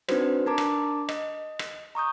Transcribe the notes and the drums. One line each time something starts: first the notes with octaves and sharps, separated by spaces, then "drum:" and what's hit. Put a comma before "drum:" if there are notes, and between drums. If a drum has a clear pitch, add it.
C4 D4 D#4 F#4 B4 C5, drum: rim click
D4 A#4 A5 A#5 D6
drum: rim click
D#5, drum: rim click
drum: rim click
A#5 C#6 D#6 G6